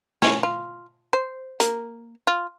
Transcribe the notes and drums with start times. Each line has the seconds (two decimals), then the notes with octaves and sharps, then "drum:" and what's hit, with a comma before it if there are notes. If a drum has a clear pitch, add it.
0.22 C#4, drum: snare
0.43 F4
1.13 C5
1.60 A#3, drum: hi-hat
2.27 F4